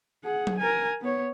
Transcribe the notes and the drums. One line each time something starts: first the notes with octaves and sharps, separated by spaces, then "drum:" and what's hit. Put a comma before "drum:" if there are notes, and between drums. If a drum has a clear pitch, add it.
G#4 F#5
drum: tom F#3
A#4 G#5
B3 C#5